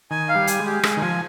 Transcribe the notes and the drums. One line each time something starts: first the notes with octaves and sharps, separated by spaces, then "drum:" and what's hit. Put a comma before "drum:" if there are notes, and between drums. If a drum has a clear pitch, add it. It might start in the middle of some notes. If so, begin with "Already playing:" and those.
D#3 G#5
F5
G3
G#5, drum: hi-hat
G#3
G4
G#3 G#5, drum: rim click
D#3
F3 G#5